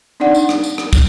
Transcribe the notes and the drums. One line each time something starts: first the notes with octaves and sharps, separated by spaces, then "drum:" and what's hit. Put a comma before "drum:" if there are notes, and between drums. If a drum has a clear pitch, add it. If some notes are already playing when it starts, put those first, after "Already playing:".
C4 D4 D#4 D5 F#5
drum: tambourine
drum: rim click
drum: tambourine
drum: rim click
drum: kick, tambourine